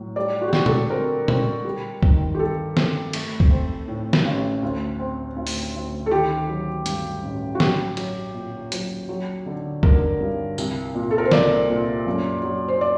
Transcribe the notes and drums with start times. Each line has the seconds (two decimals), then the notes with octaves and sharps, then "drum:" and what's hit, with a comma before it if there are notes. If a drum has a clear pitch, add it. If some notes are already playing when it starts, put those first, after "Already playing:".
Already playing: A2 F#3
0.16 G3 D5
0.41 F#4
0.48 G4
0.53 D3 F#4, drum: snare
0.66 A4, drum: tom A#2
0.90 C4 A#4
1.28 C4, drum: tom A#2
1.65 G3
2.03 D#3, drum: kick
2.35 G4
2.39 G2 A4
2.77 C4, drum: snare
3.13 A3, drum: cymbal
3.40 drum: kick
3.51 C4
3.88 A2
4.13 drum: snare
4.25 A1
4.63 D2
4.99 C4
5.36 D2
5.47 drum: open hi-hat
5.74 D2
6.06 A4
6.11 D#3 G4
6.48 F#3
6.86 G2, drum: hi-hat
7.23 A1
7.55 F#4
7.60 F#3 G4, drum: snare
7.97 F#3, drum: cymbal
8.34 A#2
8.72 F#3, drum: hi-hat
9.09 F#3
9.46 D3
9.83 D3 A#4, drum: kick
10.20 G2
10.58 C2, drum: tambourine
10.95 A#2
11.11 A4
11.18 A#4
11.25 C5
11.31 C2 D5, drum: snare
11.69 A#2
12.07 F#2
12.43 F#3
12.68 C5
12.81 D5